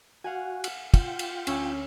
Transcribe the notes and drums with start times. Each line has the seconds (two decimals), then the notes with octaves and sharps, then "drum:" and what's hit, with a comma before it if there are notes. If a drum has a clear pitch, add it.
0.24 F#4 F5 F#5 G#5
0.64 drum: cymbal
0.94 F4 F#5 G5, drum: kick, cymbal
1.19 drum: cymbal
1.47 D2 C#4 C#5 E6, drum: cymbal